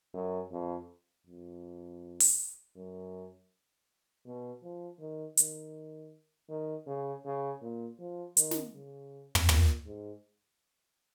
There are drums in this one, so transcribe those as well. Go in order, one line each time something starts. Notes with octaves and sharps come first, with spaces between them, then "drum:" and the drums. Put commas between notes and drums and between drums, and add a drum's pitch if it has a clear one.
F#2
F2
F2
drum: open hi-hat
F#2
B2
F3
D#3
D#3, drum: hi-hat
D#3
C#3
C#3
A#2
F3
D#3, drum: hi-hat
drum: snare
C#3
drum: tom
A#2, drum: tom
G#2